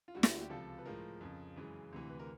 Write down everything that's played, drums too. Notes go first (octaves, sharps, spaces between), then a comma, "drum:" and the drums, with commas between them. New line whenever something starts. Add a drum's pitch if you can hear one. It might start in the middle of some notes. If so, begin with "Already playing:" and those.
F4
D2 D3 G3 F#4
G4, drum: snare
F#4
G4
C#2 C3 F3 A4
B4
A2 F3 G#3 A#4
F2 C#3 F3
F#2 C#3 E3 G#3
D2 C3 E3
B4
A#4